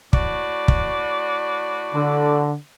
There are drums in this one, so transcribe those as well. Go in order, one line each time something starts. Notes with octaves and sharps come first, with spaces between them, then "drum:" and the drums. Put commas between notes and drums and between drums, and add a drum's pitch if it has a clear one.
A2 F#4 D5, drum: kick
drum: kick
D3